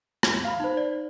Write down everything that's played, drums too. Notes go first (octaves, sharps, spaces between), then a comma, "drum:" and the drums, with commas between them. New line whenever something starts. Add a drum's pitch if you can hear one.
drum: rim click
F5 B5
D#4 C5
D5